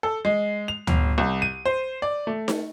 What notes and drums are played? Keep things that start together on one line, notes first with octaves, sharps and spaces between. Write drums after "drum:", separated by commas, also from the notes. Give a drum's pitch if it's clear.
A4
G#3
F7
G1, drum: tom D2
C2
D#7
C5
D5
A3
drum: snare D#4